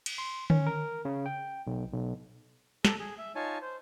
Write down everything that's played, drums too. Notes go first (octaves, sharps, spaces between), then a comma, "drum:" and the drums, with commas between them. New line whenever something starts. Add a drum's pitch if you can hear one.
drum: cymbal
C6
C#4, drum: tom D3
A#4
C#3
G5
B1
B1
A4 A#5, drum: snare
G#4
E5
D#4 F4 C#5 G#5 A5
C5